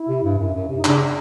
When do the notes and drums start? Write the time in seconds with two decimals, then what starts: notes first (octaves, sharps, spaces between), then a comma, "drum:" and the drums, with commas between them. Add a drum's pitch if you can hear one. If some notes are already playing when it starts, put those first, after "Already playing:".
Already playing: E4
0.09 C3
0.24 G2
0.39 F#2
0.55 F#2
0.69 C3
0.77 D#4
0.85 C#3 D4, drum: clap